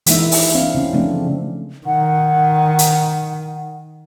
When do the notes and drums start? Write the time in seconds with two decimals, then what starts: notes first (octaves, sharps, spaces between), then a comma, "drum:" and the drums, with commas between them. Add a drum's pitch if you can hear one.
0.06 E3 G#3 A#3 D#4 E4 E5, drum: hi-hat
0.32 drum: open hi-hat
0.55 C4 D4 F5
0.75 C#3 C#4
0.93 C#3 F3 A3 C4 D4
1.87 D#3 F#5
2.79 drum: hi-hat